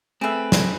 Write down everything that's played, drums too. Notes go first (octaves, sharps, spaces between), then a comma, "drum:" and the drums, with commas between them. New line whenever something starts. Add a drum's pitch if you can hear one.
A3 C4 G#4 B4 E5
drum: snare